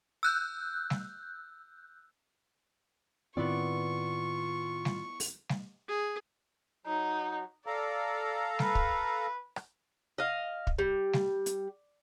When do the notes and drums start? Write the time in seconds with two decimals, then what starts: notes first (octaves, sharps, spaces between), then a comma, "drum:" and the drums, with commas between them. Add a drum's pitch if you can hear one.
0.23 E6 F#6 G6
0.90 drum: snare G3
3.37 A2 D#3 B3 C4 E4 F4 D5 C#6
4.85 drum: snare G3
5.20 drum: open hi-hat
5.49 drum: snare G3
5.88 G#4
6.86 F#3 D#4
7.66 A4 D5 F5 A#5
8.59 B4, drum: snare G3
8.75 drum: kick
9.56 drum: rim click
10.18 D#5 F5
10.67 drum: kick
10.79 G3
11.13 drum: snare G3
11.46 drum: hi-hat